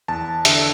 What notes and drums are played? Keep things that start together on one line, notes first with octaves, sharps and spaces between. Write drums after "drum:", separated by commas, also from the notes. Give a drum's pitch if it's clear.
E2 A5
D3 E5, drum: hi-hat